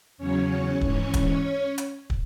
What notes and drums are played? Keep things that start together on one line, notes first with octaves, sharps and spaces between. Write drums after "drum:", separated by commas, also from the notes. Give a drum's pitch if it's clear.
E2 C#3 F#3 C#4 C#5
G#2 E3 C#4 C#5, drum: kick
drum: kick, hi-hat
drum: hi-hat
drum: kick